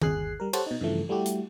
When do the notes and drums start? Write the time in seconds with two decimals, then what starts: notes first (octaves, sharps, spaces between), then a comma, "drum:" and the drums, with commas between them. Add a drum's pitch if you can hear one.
0.02 G1 D#2 G#4 G#5 F#6 C7, drum: tom D#3
0.40 G3 A#4
0.53 G4 A4 C5 C#5 F#5 A5, drum: cymbal
0.67 B2 D#4
0.81 G2 C#3 E3 F3 A3
1.09 G3 A3 E4 F#4 G4
1.26 drum: hi-hat